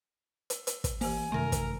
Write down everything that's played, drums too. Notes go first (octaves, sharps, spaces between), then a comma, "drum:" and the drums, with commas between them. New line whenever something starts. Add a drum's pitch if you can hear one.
drum: hi-hat
drum: hi-hat
drum: kick, hi-hat
E3 A#3 G4 C5 G#5, drum: open hi-hat
F#2 C3 D#3 A3 A#4 E5 A#6
drum: kick, hi-hat